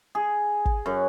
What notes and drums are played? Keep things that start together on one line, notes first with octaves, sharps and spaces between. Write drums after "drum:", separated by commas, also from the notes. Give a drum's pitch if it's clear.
G#4
drum: kick
F#2